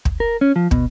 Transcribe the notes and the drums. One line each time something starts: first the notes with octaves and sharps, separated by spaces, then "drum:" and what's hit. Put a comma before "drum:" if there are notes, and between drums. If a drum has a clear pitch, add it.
drum: kick
A#4
C#4
F3
B2, drum: kick